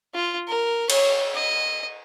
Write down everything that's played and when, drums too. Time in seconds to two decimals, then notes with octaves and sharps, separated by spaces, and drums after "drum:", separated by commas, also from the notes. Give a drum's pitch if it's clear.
0.15 F4
0.48 A#4
0.90 C#5, drum: cymbal
1.35 D#5